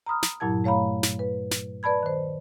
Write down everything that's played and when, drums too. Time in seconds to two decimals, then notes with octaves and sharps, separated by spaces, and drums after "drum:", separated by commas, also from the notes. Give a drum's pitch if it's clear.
0.06 A#5 B5 D#6 F6
0.23 drum: snare
0.40 G2 A#2 F#3 E4 A5 G#6
0.64 A3 C#5 F5 A#5 B5
1.03 drum: snare
1.19 B4
1.51 drum: snare
1.83 B4 D5 A5 B5 G#6
2.03 D#3 C5